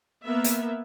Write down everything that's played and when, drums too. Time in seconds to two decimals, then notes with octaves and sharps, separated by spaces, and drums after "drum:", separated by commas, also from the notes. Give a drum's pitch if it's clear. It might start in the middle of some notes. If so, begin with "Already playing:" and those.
0.25 A#3 B3 E5
0.44 drum: hi-hat